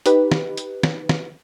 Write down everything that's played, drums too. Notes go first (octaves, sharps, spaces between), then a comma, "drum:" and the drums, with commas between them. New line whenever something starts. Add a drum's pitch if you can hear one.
D#4 G4 B4, drum: hi-hat
drum: snare
drum: hi-hat
drum: snare
drum: snare